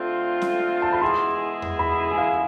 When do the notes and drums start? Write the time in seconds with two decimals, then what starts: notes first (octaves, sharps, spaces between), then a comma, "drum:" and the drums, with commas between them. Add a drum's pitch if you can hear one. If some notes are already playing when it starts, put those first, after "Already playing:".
Already playing: D3 A3 C4 F4
0.42 drum: snare C#4
0.82 A5
0.93 B5
1.02 G#3 B3 E4 G#4 C6
1.62 drum: tom E2
1.79 B5
2.11 G#5
2.18 F5